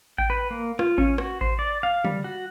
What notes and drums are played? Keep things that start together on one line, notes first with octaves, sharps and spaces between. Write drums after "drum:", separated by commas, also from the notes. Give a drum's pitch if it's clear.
G5, drum: kick A1
B4
A#3
F4, drum: rim click
C#4, drum: kick A1
F#4, drum: rim click
C5, drum: kick A1
D5
F5
G3, drum: tom
F#4